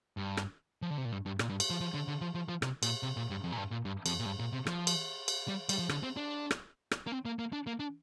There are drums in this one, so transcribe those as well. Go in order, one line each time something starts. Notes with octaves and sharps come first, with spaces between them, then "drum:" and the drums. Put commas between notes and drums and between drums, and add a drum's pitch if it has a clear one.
G2
drum: rim click
F3
D3
C3
A#2
G2
G2
A#2, drum: rim click
G2
drum: cymbal
F3
F3
D3
D3
F3
F3
F3
C3, drum: rim click
A#2, drum: cymbal
C3
A#2
G2
F2
A#2
G2
A#2
G2
F2, drum: cymbal
A#2
G2
A#2
C3
F3, drum: rim click
drum: cymbal
drum: cymbal
G3
G3, drum: cymbal
F3
D3, drum: rim click
C4
D4
drum: rim click
drum: rim click
A#3
C4
A#3
A#3
D4
A#3
D4